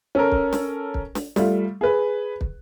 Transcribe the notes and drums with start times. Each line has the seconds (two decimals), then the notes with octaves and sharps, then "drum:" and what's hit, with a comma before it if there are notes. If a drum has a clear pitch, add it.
0.15 C#4 A4 A#4
0.32 drum: kick
0.53 drum: snare
0.94 drum: kick
1.15 drum: snare
1.36 G3 A3 F4, drum: snare
1.81 G#4 B4
2.41 drum: kick